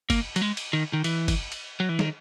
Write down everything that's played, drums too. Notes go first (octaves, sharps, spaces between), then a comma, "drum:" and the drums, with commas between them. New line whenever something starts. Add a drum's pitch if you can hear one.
A#3, drum: kick G1, cymbal
F#3, drum: cymbal
G#3
drum: cymbal
D#3
D#3
E3, drum: cymbal
drum: kick G1, cymbal
drum: cymbal
F#3
E3
D#3, drum: snare